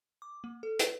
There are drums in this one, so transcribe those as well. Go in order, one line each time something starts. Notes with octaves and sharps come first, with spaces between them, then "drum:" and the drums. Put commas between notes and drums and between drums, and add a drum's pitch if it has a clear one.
D6
A#3
A4
B4, drum: hi-hat